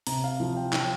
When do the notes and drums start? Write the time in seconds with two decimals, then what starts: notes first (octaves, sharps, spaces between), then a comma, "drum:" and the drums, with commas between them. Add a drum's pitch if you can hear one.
0.07 C3 A#5, drum: open hi-hat
0.24 F5
0.40 F3
0.57 G5
0.73 F3 G5, drum: clap